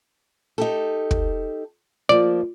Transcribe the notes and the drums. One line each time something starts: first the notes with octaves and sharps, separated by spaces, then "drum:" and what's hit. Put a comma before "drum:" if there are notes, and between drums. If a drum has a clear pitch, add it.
D#4 G4 A4
drum: kick
F3 A#3 D5